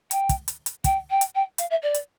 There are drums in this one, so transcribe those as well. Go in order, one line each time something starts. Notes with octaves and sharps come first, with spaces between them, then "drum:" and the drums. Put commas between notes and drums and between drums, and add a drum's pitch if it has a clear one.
G5, drum: hi-hat
drum: kick, hi-hat
drum: hi-hat
drum: hi-hat
G5, drum: kick, hi-hat
G5
drum: hi-hat
G5
F5, drum: hi-hat
E5
D5
drum: hi-hat